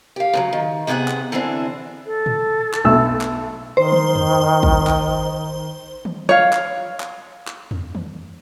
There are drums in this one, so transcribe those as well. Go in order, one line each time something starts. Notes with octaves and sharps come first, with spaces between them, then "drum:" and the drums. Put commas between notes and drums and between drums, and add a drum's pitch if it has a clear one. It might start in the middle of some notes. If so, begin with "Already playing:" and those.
G4 F5
A2 C#3 F#3
D#3
C3 B3 G#4 D#5 F#5
drum: clap
D3 E3 C4 D4 E4
A4
drum: tom A2
drum: clap
B1 A3 E6
drum: clap
D#3 C5
drum: tom D#3
drum: tom E2
drum: kick
drum: clap
drum: tom D#3
C#5 F5
drum: clap
drum: clap
drum: clap
drum: tom E2
drum: tom D#3